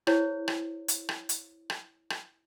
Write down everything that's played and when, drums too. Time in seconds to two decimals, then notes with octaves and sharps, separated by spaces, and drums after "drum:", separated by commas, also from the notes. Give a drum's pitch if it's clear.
0.07 E4 G#4 C5 C#5, drum: rim click
0.48 drum: rim click
0.88 drum: hi-hat
1.09 drum: rim click
1.29 drum: hi-hat
1.70 drum: rim click
2.10 drum: rim click